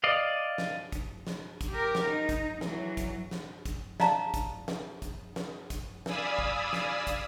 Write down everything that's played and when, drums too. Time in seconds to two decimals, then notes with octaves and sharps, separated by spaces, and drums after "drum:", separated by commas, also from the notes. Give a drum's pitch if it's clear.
0.04 D5 D#5 F5
0.58 drum: snare
0.92 drum: kick, hi-hat
1.27 drum: snare
1.61 drum: kick, hi-hat
1.70 G4 A#4
1.95 drum: snare
2.08 D#4
2.29 drum: kick, hi-hat
2.61 E3 F#3, drum: snare
2.97 drum: kick, hi-hat
3.31 drum: snare
3.65 drum: kick, hi-hat
4.00 D5 F5 A5 A#5, drum: snare
4.34 drum: kick, hi-hat
4.68 drum: snare
5.02 drum: kick, hi-hat
5.36 drum: snare
5.70 drum: kick, hi-hat
6.06 D5 F5 G#5 B5 D#6 E6, drum: snare
6.39 drum: kick
6.73 drum: snare
7.07 drum: kick, hi-hat